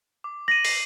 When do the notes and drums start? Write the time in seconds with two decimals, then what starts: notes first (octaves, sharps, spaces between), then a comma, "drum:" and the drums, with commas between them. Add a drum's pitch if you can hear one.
0.24 D6
0.48 A#6 D#7 F#7
0.65 C7, drum: open hi-hat